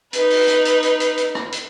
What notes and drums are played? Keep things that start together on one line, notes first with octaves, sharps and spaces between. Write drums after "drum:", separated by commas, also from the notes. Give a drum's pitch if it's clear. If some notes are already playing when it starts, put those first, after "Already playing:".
D#4 B4, drum: hi-hat
drum: open hi-hat
drum: hi-hat
drum: hi-hat
drum: hi-hat
drum: hi-hat
drum: hi-hat
drum: rim click
drum: hi-hat